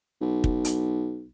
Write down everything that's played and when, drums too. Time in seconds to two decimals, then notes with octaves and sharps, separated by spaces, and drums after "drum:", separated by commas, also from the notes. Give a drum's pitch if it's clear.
0.21 B1
0.44 drum: kick
0.65 drum: hi-hat